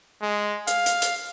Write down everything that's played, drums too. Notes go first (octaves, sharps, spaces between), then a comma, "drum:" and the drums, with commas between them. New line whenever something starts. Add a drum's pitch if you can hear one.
G#3
F5, drum: hi-hat
drum: hi-hat
drum: hi-hat